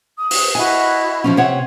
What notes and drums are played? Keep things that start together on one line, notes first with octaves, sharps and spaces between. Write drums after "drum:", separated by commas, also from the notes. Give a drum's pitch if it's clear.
D#6
drum: open hi-hat
E4 F#4 D#5 G#5
F3 F#3 C#4
C3 C#5 F#5